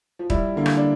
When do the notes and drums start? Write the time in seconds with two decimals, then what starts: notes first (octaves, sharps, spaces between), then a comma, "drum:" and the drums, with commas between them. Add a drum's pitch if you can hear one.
0.19 F3
0.30 G3 E4, drum: kick D#1
0.56 D3 A#3
0.66 drum: rim click
0.77 D4